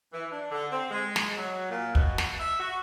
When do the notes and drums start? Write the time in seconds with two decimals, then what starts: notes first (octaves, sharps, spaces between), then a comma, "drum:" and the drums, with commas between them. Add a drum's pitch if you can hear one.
0.13 E3
0.32 D4
0.51 D3
0.71 C4
0.91 G#3
1.16 drum: snare
1.37 F#3
1.70 A#2
1.95 B2, drum: kick
2.18 drum: snare
2.40 E5
2.60 F#4